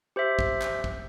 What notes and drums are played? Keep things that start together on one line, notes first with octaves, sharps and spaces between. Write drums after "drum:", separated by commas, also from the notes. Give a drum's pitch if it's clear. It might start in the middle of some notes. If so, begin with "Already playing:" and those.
G4 C5 E5
drum: kick
drum: clap
drum: kick